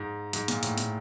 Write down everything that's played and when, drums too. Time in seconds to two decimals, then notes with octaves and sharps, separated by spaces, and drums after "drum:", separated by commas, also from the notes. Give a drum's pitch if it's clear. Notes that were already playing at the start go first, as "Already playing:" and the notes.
Already playing: G#2
0.33 G#2, drum: hi-hat
0.48 A#2, drum: hi-hat
0.63 A2, drum: hi-hat
0.78 A#2, drum: hi-hat